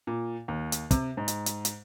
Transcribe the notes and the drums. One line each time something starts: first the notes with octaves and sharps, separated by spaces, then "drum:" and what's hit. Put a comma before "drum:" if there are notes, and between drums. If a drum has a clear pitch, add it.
A#2
D#2
drum: hi-hat
C3, drum: kick, hi-hat
G#2
drum: hi-hat
drum: hi-hat
drum: hi-hat